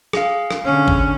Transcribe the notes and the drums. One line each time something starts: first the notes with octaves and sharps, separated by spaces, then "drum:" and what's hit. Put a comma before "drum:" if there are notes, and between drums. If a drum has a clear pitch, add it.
G#4 F5, drum: rim click
drum: rim click
D3 C#4
drum: kick